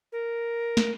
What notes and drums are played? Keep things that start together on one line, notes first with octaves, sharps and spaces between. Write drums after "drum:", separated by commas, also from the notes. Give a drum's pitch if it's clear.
A#4
drum: snare